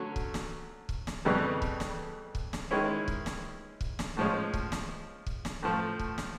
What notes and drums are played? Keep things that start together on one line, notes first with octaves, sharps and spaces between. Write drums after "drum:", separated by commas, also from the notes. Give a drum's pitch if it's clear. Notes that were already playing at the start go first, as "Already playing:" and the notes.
Already playing: D3 F#3 A3 C#4
drum: kick
drum: snare
drum: kick
drum: snare
F2 C#3 E3 G3 B3
drum: kick
drum: snare
drum: kick
drum: snare
D#3 G#3 C#4 E4
drum: kick
drum: snare
drum: kick
drum: snare
A2 F3 G#3 C#4
drum: kick
drum: snare
drum: kick
drum: snare
A2 F3 A3
drum: kick
drum: snare